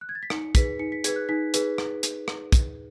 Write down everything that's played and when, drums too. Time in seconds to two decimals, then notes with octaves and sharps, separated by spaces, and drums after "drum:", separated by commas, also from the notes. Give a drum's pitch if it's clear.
0.01 F#6
0.09 G#6
0.15 A6
0.23 B6
0.30 D#4 C#7, drum: rim click
0.55 G#4 B4 B6, drum: kick, hi-hat
0.79 D#4 C#7
0.92 B6
1.04 G#4 B4 G#6, drum: hi-hat
1.16 F#6
1.29 D#4 B6
1.54 G#4 B4, drum: hi-hat
1.78 drum: rim click
2.03 drum: hi-hat
2.28 drum: rim click
2.52 drum: kick, hi-hat